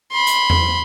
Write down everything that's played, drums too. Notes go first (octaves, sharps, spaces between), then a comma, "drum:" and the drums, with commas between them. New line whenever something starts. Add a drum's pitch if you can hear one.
B5 C6
drum: hi-hat
drum: tom E2